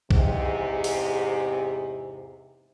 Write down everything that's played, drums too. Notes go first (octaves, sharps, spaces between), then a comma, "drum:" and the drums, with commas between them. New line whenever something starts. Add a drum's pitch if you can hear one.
E2 G#2 C3, drum: kick
drum: open hi-hat